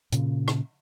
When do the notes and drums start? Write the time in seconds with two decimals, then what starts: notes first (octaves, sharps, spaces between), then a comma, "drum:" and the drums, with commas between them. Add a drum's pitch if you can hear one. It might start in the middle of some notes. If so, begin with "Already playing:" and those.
0.12 A#2 C#3, drum: hi-hat
0.48 drum: rim click